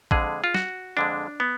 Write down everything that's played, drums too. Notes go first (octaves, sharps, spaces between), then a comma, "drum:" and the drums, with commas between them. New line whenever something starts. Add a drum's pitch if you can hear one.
F2 D3 G#3 G#4, drum: kick A1
F4
F#4, drum: snare
F2 D3 G#3 D4
B3